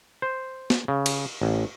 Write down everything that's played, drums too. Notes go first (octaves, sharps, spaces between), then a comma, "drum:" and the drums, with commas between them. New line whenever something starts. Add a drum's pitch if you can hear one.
C5
drum: snare
C#3
drum: cymbal
A1